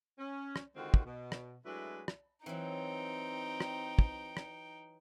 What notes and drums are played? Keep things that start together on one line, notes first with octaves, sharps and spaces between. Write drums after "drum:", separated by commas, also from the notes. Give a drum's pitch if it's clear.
C#4
drum: rim click
D3 D#3 G#3 C4 F4 F#4
drum: kick
B2
drum: rim click
F#3 G#3 A3 D4 E4 B4
drum: rim click
E3 F#3 C4 D#4 G5
drum: rim click
drum: kick
drum: rim click